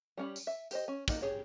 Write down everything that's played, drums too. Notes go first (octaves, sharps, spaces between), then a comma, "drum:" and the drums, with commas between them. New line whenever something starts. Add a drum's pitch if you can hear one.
G3 C#4 B5
drum: tambourine
E5
G4 C5 D#5, drum: tambourine
C#4
G3 A#3 D#4 A#4 F#5, drum: kick, tambourine
G4 G#4 C#5